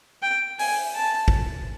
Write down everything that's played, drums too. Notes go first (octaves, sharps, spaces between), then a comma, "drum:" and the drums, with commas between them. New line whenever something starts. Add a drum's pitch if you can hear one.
G5
G#5, drum: open hi-hat
A5
drum: kick